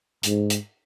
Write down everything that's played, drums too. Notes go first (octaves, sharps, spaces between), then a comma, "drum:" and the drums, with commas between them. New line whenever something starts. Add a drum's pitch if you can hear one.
G#2, drum: hi-hat
drum: hi-hat